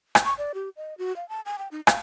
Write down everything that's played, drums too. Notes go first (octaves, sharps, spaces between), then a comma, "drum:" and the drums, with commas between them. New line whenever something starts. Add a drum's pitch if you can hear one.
drum: rim click
C#6
D5
G4
D#5
F#4
F5
A5
G#5
G5
D#4
F5, drum: rim click